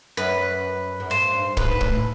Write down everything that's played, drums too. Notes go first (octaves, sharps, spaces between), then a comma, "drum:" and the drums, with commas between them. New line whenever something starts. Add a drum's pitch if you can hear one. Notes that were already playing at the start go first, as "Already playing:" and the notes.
F#2 B4
F#2
G2 C5
G2
G#2 B4, drum: kick
A2, drum: kick